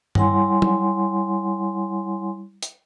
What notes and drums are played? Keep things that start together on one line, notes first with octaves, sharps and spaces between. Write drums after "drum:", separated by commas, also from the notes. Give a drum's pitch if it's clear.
G3 E4 C#5 F#5 G#5 C6, drum: tom G2
drum: tom F#3
drum: hi-hat